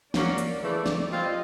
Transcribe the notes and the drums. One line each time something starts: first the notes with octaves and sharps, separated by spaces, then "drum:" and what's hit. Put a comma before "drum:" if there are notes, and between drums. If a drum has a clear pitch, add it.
F#3 A#3 C#4 F#4 D5, drum: snare
drum: hi-hat
C#3 E3 A3
drum: snare
G3 C4 F4 D#5